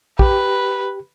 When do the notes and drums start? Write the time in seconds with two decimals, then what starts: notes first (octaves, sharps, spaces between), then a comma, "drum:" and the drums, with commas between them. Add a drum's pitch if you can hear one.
0.19 G4 B4, drum: kick